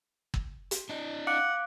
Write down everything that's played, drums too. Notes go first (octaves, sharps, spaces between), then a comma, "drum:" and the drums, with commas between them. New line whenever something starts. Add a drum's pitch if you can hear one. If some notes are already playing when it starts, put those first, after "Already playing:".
drum: kick
drum: hi-hat
D4 D#5
F5 F#5 D6 F#6